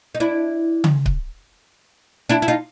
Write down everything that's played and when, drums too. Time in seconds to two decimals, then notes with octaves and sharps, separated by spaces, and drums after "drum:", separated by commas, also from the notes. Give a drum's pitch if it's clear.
0.15 D#4
0.20 D4 E4
0.84 drum: tom C#3
1.06 drum: kick C#1
2.29 D4 E4
2.42 E4
2.48 D#4 F4